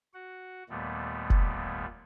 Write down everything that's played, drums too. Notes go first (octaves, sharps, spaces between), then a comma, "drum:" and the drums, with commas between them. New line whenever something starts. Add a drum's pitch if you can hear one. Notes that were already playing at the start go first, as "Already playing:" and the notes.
F#4 F#5
D#2 A#2 D#3 G3 A3 B3
drum: kick